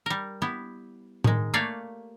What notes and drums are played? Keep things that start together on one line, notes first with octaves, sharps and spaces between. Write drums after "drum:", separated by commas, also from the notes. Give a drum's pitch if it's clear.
G3 A#4
B3 E4 G4
D#3 G#3, drum: tom A2
A3 A#3 G4 C#5 D5 F5